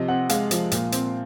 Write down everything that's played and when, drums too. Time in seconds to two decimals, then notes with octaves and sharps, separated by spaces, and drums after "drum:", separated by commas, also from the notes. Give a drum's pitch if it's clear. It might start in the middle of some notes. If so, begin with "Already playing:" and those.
Already playing: C3 F3 D#5
0.08 C4 F#5
0.29 G#3 F5, drum: hi-hat
0.51 F3, drum: hi-hat
0.71 A#2, drum: hi-hat
0.92 C4, drum: hi-hat